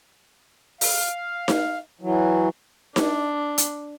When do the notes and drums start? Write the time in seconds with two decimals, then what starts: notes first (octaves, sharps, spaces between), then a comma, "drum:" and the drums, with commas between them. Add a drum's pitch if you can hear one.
0.81 F5, drum: open hi-hat
1.48 drum: snare D#4
2.01 E3 F#3
2.96 D4, drum: snare D#4
3.58 drum: hi-hat